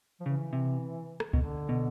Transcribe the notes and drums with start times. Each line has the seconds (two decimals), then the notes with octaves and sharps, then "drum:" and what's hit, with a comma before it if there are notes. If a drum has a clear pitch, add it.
0.20 F3
0.26 C#3 E3
0.53 C3
1.20 drum: rim click
1.33 B2 D3, drum: kick C#2
1.69 B2